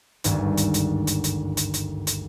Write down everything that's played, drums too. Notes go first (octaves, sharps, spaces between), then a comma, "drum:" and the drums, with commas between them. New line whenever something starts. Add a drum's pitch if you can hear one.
G#1 D2 G2, drum: hi-hat
drum: hi-hat
drum: hi-hat
drum: hi-hat
drum: hi-hat
drum: hi-hat
drum: hi-hat
drum: hi-hat